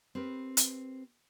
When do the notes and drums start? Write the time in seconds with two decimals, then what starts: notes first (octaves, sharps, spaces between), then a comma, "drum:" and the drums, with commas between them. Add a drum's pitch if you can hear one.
0.15 C4 G4 A#4 B4
0.57 drum: hi-hat